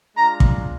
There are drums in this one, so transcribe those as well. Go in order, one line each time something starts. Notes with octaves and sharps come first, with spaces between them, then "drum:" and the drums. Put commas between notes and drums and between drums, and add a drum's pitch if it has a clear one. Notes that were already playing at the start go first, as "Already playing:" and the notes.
G#3 D4 F4 A#5
drum: kick